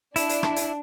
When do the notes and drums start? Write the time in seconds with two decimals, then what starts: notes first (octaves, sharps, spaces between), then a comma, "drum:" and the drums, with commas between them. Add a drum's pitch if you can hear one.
0.16 D4 E4, drum: hi-hat
0.29 drum: hi-hat
0.43 drum: rim click
0.56 drum: hi-hat